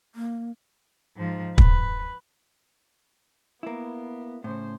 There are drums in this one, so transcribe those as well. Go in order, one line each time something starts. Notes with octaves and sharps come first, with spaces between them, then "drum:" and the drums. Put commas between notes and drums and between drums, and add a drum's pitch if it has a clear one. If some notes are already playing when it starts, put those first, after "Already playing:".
A#3
G#2 F3
B4, drum: kick
A#3 B3 E4
A2 C#3 C5